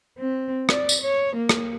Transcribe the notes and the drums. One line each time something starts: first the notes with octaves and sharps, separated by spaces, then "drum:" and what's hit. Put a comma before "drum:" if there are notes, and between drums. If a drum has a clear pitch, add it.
C4
D5, drum: rim click
drum: tambourine
C#5
A#3
drum: rim click